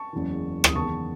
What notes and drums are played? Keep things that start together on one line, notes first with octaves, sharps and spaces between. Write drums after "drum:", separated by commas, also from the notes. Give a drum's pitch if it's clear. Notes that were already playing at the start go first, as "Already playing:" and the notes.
Already playing: A5 C#6
F#1 E2 C#3 E3
D#6, drum: rim click
F#1 E2 D#3 G#3 B3 A5 C#6